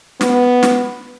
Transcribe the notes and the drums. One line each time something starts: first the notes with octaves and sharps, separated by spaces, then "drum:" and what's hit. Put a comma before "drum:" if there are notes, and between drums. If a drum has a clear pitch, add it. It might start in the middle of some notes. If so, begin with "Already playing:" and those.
B3, drum: snare
drum: snare